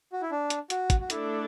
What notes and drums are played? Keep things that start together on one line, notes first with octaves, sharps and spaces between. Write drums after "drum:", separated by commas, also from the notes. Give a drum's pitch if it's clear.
F#4
E4
D4
drum: hi-hat
F#4, drum: hi-hat
drum: kick, hi-hat
F#4
A3 D4 E4 A4 D5, drum: hi-hat